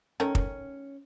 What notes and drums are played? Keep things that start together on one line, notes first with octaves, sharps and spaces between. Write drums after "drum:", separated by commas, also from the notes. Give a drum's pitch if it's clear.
D#3 A3 C#4 A#4
drum: kick